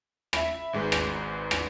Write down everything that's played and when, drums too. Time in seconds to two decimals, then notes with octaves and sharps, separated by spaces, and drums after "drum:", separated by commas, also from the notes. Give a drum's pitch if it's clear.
0.33 E5 B5, drum: rim click
0.73 G#1 G#2 G#3 B4
0.92 drum: rim click
1.51 drum: rim click